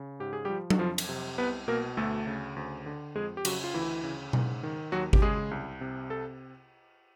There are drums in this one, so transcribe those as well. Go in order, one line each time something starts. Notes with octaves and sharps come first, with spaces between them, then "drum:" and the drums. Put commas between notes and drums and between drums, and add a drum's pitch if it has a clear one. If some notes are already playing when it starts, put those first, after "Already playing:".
Already playing: C#3
G#2 G4
G#4
F3 G3 G4
F#4, drum: tom F#3
F2 F3 F4
drum: cymbal
C3
C2 B3 B4
B2 A#3 A#4
D2 A3 A4
C#3
D2
D3
F2 G#3 G#4
G4
C#3 F#3 F#4, drum: cymbal
F4
D2 E3 E4
C#3
G#2, drum: tom B2
D#3
D#2 F#3 F#4
G4, drum: kick G#1
C#3 G#3 G#4
C2
C3
A4